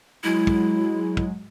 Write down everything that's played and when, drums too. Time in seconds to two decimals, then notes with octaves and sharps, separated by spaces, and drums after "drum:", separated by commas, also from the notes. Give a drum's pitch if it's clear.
0.24 F#3 G#3 E4
0.47 drum: kick
1.17 drum: kick